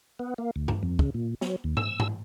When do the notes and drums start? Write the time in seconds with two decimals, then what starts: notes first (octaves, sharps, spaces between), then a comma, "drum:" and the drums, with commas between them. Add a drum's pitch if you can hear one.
0.19 B3
0.38 A#3
0.56 D2
0.68 drum: tom G2
0.83 F2
0.99 C#3, drum: kick
1.14 A#2
1.41 F#3, drum: snare
1.64 D#2
1.77 E6, drum: tom
2.00 drum: tom